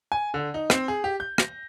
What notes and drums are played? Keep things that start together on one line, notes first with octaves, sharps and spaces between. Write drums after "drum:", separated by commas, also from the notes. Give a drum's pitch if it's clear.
G#5
D3
D#4
C4, drum: rim click
G#4
G4
G6
A#6, drum: rim click